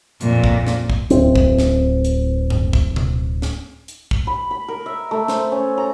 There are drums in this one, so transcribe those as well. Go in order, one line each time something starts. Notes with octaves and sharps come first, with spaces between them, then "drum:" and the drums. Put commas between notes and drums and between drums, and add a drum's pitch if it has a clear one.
F2 A#2, drum: hi-hat
drum: kick
drum: snare
drum: kick
D1 C4, drum: hi-hat
drum: kick
drum: snare
drum: hi-hat
drum: tom F#2
drum: kick
drum: tom B2
drum: snare
drum: hi-hat
drum: kick
B5
B5
A#4
E5
A3
C5, drum: snare
C#4
A#5